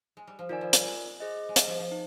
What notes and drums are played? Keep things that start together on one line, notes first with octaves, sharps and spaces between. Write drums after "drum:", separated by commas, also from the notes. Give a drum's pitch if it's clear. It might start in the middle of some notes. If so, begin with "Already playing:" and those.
G#3
G3
F3
D#3 F4 A#4 D5 G#5
F3
G3, drum: hi-hat
G#3
G#4 C5 D#5
G#3
G3, drum: hi-hat
F3
F3
D#4